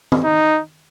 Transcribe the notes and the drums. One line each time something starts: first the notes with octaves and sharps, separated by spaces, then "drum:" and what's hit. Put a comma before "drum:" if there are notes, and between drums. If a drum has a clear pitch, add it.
drum: tom
D#4